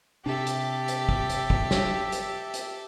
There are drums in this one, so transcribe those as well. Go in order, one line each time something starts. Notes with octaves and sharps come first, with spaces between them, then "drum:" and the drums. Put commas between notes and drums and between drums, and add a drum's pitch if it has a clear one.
C3 D4 G4 A4 E5
drum: hi-hat
drum: hi-hat
drum: kick
drum: hi-hat
drum: kick
drum: snare
drum: hi-hat
drum: hi-hat